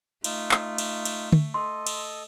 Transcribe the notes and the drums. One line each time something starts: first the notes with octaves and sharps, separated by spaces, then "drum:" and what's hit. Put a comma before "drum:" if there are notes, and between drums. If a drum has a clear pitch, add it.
A3 D#4 F4, drum: cymbal
drum: clap
drum: cymbal
drum: cymbal
drum: tom
A4 D#5 C6
drum: cymbal